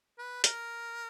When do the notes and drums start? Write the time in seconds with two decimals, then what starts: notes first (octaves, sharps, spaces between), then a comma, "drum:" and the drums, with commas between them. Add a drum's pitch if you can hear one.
0.18 B4
0.44 A#4, drum: hi-hat